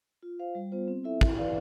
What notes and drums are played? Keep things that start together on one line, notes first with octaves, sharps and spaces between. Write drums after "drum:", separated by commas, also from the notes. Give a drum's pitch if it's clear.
F4
C5 F5
G3
B3 F4 C5
C4
E4 A4 E5
E4, drum: kick
B4 D5 F5